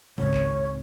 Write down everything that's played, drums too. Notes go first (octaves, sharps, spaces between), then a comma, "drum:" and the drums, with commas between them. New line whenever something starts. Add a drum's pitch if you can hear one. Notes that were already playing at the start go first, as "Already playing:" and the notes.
G#1 C#2 C#5, drum: kick G#1
drum: clap